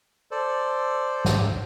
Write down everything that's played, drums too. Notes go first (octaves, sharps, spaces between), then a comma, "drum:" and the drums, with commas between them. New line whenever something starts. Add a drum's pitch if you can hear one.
A4 C5 D5
G#2, drum: snare